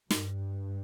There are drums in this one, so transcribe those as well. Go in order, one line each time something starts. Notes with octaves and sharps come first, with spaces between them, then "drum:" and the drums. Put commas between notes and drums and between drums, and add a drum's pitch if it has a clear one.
G2, drum: snare